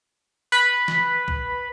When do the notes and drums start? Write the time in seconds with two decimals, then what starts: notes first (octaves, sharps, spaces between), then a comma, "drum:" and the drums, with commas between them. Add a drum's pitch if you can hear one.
0.52 B4 B5
0.88 drum: snare
1.28 drum: kick B1